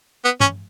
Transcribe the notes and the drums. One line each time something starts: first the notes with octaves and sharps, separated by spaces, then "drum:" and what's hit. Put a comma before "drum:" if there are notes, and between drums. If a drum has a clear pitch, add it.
B3
C#4, drum: tom